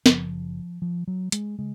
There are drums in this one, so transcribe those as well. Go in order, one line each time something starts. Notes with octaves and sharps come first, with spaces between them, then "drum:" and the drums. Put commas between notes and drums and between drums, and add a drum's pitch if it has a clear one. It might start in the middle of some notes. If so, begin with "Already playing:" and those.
F#1 F#2 C#3 F3, drum: snare
F3
F#3
G#3, drum: hi-hat
C#3 G#3